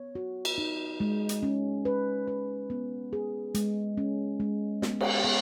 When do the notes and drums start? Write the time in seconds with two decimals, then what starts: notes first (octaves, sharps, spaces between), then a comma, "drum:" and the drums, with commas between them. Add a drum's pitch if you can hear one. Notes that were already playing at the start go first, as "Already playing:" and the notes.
Already playing: B3 C#5
0.15 F#4
0.45 drum: cymbal
0.58 D#4
1.00 G#3
1.29 drum: hi-hat
1.43 C#4
1.85 B4
2.28 B4
2.70 B3
3.13 G#4
3.55 G#3, drum: hi-hat
3.97 C#4
4.40 G#3
4.82 B3, drum: snare
5.01 drum: cymbal
5.24 B3